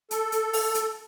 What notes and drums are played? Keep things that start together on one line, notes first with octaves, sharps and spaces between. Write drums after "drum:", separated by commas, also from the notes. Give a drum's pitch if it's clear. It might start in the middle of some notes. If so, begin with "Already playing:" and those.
A4, drum: hi-hat
drum: hi-hat
drum: open hi-hat
drum: hi-hat